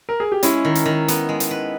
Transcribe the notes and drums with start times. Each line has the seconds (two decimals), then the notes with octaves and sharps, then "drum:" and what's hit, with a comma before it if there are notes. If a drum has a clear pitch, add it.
0.09 A#4
0.20 G#4
0.32 G4
0.43 G#3 C#4 E4, drum: hi-hat
0.65 D#3
0.75 drum: hi-hat
0.86 D#3
1.08 B3, drum: hi-hat
1.29 G#3
1.40 drum: hi-hat
1.51 B4